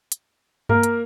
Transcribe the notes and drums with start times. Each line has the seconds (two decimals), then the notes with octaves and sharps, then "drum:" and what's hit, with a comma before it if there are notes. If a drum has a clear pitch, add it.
0.12 drum: hi-hat
0.69 A#3 A#4, drum: tom G2
0.83 drum: hi-hat